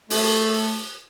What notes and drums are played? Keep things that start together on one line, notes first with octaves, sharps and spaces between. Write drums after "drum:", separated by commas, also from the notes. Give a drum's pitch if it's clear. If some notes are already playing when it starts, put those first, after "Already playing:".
A3, drum: open hi-hat